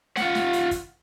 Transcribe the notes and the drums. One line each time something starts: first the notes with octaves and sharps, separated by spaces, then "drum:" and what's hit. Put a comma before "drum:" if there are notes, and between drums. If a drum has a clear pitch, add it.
F4 F#5, drum: snare
drum: snare
drum: hi-hat
drum: kick, hi-hat